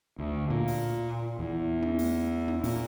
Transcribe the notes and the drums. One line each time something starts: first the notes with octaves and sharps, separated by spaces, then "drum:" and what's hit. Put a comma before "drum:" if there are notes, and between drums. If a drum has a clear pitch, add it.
D2
A#2
drum: open hi-hat
E2
drum: tom
drum: open hi-hat
drum: tom
A#2, drum: open hi-hat